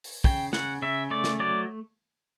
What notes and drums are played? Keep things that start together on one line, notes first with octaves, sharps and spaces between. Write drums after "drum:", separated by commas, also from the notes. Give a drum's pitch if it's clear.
drum: open hi-hat
C#3 G5, drum: kick
C#3 F#5, drum: snare
C#3 E5
A3 D5
drum: snare
F#3 D5